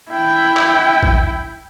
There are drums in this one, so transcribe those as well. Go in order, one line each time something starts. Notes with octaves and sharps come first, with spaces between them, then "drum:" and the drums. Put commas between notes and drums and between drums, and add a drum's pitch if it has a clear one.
E4 G5
drum: clap
drum: kick A1